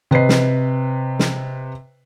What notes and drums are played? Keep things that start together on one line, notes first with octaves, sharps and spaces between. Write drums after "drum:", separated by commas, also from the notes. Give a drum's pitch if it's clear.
C3 B4 D#5 C7
drum: snare
drum: snare